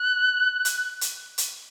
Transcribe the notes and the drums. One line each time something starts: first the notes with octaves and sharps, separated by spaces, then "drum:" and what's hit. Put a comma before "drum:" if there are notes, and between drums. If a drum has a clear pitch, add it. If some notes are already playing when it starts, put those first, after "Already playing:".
Already playing: F#6
drum: hi-hat
drum: hi-hat
drum: hi-hat